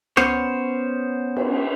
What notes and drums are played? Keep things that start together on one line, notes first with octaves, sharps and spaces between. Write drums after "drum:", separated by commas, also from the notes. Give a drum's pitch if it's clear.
B3 C#4 C5 C#5, drum: rim click
drum: cymbal